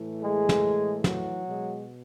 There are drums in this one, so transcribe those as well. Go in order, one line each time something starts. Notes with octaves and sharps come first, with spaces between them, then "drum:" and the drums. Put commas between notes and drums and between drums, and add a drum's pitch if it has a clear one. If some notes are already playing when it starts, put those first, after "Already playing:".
Already playing: A2 E3 A3
G#3 G#4
drum: snare
F#3 F#4, drum: snare
B2 G#3